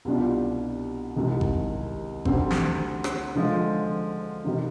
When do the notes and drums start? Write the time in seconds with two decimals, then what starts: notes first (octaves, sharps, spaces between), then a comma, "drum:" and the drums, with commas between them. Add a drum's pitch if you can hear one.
0.05 C2 B2 G3 D4 F4
1.16 C2 C3 D#3 G#3
1.41 drum: kick G#1
2.25 D2 C3 G3 C4, drum: kick G#1
2.51 drum: snare
3.04 drum: rim click
3.35 D3 F3 G#3
4.44 C3 D#3 G3